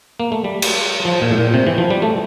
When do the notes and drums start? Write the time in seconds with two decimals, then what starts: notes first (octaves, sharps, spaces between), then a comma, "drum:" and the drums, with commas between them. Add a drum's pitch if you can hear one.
0.20 A#3
0.32 A3
0.44 G3
0.62 drum: cymbal
1.05 F3
1.21 A#2
1.31 A2
1.38 A#2
1.54 C3
1.67 E3
1.78 F3
1.90 G3
2.02 A3